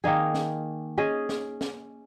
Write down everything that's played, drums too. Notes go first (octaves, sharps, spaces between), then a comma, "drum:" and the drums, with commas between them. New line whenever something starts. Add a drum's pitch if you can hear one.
D#3 A#3 D#4 G#4
drum: snare
C#4 G#4 D#5
drum: snare
drum: snare